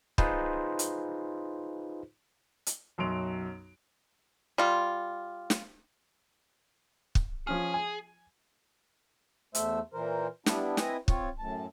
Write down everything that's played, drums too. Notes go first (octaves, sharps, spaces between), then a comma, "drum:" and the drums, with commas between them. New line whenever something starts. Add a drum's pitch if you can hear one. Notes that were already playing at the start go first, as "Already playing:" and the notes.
D#4 F4 G#4 B4 C5, drum: kick
drum: hi-hat
drum: hi-hat
B1 F#2 F#3 C6 D7 F7
G3 F4
drum: snare
drum: kick
F3 C#4 G#4 F6
G#5
E2 A3 C5 E5, drum: hi-hat
A#2 E3 A#4 C5
G3 B3 D4 E4, drum: snare
C4 E4 B4 D#5 G#5, drum: snare
C4 F4 C#5, drum: kick
F#2 A2 A5